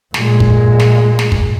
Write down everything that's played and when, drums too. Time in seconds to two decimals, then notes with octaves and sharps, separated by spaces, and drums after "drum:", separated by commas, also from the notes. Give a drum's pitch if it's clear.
0.14 A#2 G#3, drum: snare
0.40 drum: kick
0.79 drum: snare
1.19 drum: snare
1.32 drum: kick